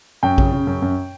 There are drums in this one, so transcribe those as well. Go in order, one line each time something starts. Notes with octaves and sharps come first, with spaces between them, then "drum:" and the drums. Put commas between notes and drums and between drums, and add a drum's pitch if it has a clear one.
F#2 G5
C#3, drum: kick A1
C#3
F#2
F#2